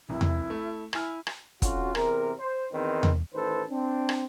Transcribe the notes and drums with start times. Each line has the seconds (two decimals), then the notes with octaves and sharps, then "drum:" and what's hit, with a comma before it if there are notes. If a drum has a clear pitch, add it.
0.09 F1 C2 E4
0.21 drum: tom E2
0.50 A3
0.93 E4 G#5 F6, drum: rim click
1.27 drum: rim click
1.62 F2 C#4 F4 F#4, drum: kick, hi-hat
1.95 E2 C3 A#4, drum: rim click
2.40 C5
2.72 E2 D#3 C4 D#4 B4
3.03 drum: tom E2
3.34 A1 D#3 A4 B4 C5
3.69 C4 D4
4.09 drum: rim click